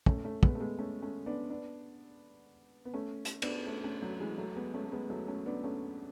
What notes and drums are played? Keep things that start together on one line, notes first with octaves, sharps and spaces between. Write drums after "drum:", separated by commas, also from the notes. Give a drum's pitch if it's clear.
A3 C#4, drum: kick
A3 C#4
G#3 B3, drum: kick
A3
G#3 B3
A3 C#4
A3 C#4
B3 D4
B3 D4
B3
A3 C#4
drum: hi-hat
B3 D4, drum: cymbal
A3 C#4
A3 C#4
F#3 A3
E3 G#3
F#3 A3
G#3 B3
A3 C#4
A3
G#3 B3
F#3 A3
A3 C#4
B3 D4
A3 C#4